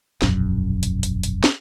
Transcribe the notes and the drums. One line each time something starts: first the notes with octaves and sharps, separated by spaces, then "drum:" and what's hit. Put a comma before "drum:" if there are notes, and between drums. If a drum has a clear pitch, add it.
E1 A#1 F#2, drum: snare
drum: hi-hat
drum: hi-hat
drum: hi-hat
drum: snare